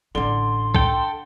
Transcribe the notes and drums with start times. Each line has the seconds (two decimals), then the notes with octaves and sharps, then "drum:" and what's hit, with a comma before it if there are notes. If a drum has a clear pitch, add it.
0.15 A1 D3 E4 D5 C6 G7
0.75 A4 G5, drum: kick B1